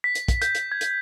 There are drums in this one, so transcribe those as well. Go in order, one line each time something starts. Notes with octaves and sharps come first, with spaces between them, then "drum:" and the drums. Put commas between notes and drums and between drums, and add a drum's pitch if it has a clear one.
B6
drum: hi-hat
drum: kick, hi-hat
G6, drum: hi-hat
drum: hi-hat
G#6
drum: hi-hat